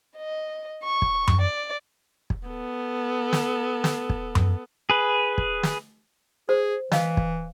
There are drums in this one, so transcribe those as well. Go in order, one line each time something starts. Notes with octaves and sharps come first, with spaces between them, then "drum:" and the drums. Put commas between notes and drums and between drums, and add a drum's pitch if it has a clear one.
D#5
C#6
drum: kick
drum: tom F#2
D5
drum: kick
B3 A4
drum: snare
drum: snare
drum: kick
drum: tom F#2
G#4 B4
drum: kick
drum: snare
G#4 C5
E3 D#5 F5 D#6, drum: snare
drum: kick